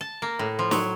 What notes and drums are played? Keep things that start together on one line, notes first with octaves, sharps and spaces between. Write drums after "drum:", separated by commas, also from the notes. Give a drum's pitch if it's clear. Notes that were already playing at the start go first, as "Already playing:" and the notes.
A5
A#3
A2
F3
F#3, drum: snare